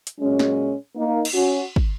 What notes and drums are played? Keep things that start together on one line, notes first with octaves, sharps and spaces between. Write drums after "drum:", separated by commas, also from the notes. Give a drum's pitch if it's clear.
drum: hi-hat
A#2 F#3 G#3 C#4
drum: snare
A#3 D#4
drum: cymbal
C#4 F#4
drum: kick